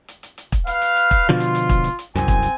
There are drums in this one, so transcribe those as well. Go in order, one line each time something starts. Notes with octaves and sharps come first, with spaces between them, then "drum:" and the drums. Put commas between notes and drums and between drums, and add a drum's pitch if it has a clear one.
drum: hi-hat
drum: hi-hat
drum: hi-hat
drum: kick, hi-hat
B4 F5, drum: hi-hat
drum: hi-hat
drum: hi-hat
drum: kick, hi-hat
B2 D3 F3 F4
drum: hi-hat
drum: hi-hat
drum: kick, hi-hat
drum: hi-hat
drum: hi-hat
C2 F#2 C4 G#5, drum: hi-hat
drum: kick, hi-hat
drum: hi-hat